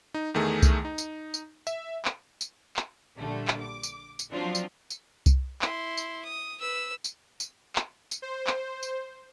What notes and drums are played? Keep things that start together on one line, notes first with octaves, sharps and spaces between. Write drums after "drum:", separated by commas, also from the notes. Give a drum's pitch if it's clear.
D#4
E2 D#3 A3 G#4
drum: kick C2, tambourine
D#4
drum: tambourine
drum: tambourine
E5, drum: tambourine
drum: clap
drum: tambourine
drum: clap
A#1 D3 G3 A3
drum: clap
D6
drum: tambourine
drum: tambourine
F3 F#3 C4 D4 F4
drum: tambourine
drum: tambourine
drum: kick C2, tambourine
E4 C6, drum: clap
drum: tambourine
D#6
B4 E6
drum: tambourine
drum: tambourine
drum: clap
drum: tambourine
C5
drum: clap
drum: tambourine